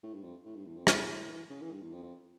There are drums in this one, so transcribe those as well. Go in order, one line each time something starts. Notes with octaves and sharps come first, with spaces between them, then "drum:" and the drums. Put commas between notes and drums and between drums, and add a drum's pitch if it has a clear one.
A2
G2
F2
A2
G2
E2
F2
A2, drum: rim click
E3
C#3
E3
G2
E2
F2
F2